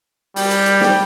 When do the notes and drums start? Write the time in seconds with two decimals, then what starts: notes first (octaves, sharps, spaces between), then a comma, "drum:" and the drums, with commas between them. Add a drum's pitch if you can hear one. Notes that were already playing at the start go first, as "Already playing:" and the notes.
0.36 G3, drum: open hi-hat
0.51 drum: hi-hat
0.66 drum: hi-hat
0.81 drum: snare